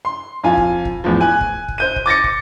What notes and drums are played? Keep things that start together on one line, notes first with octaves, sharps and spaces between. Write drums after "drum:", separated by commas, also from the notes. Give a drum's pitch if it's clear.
C6
F2 F4 G#5
drum: kick
drum: kick
E2 A2 F3
G#5 F#6
drum: kick
drum: kick
C5 G6 D#7
drum: kick
D6 A6 A#6 C#7
drum: kick